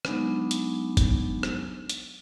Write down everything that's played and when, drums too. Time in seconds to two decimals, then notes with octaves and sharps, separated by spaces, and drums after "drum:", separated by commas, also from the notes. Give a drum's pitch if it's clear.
0.05 F#3 G#3 B3 D4 D#4, drum: rim click
0.51 drum: hi-hat
0.97 drum: kick G1, hi-hat
1.43 drum: rim click
1.89 drum: hi-hat